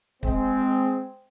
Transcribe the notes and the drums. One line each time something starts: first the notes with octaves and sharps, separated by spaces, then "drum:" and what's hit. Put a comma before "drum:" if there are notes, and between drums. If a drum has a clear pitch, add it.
G#3 C4, drum: kick